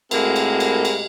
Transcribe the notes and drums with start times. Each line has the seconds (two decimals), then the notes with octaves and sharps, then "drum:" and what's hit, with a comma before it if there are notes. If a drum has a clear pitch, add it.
0.11 A2 G#3 A#3 C4 F#4 A#4, drum: cymbal
0.36 drum: cymbal
0.60 drum: cymbal
0.85 drum: cymbal